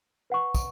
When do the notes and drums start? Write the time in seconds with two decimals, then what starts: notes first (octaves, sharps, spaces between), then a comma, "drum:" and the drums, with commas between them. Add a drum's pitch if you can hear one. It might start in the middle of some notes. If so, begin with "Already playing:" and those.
0.30 B4 F#5 C#6
0.55 drum: kick, tambourine